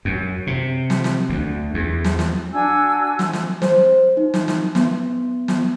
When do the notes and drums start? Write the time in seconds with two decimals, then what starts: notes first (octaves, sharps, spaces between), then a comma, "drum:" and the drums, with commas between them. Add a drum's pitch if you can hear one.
0.05 F#2
0.47 C3
0.90 drum: snare
1.04 drum: snare
1.29 D2
1.74 E2
2.04 drum: snare
2.19 drum: snare
2.52 D4 F#4 G#5 E6
3.19 drum: snare
3.33 drum: snare
3.62 C5, drum: snare
4.17 D#4
4.34 drum: snare
4.48 drum: snare
4.75 B3, drum: snare
5.48 drum: snare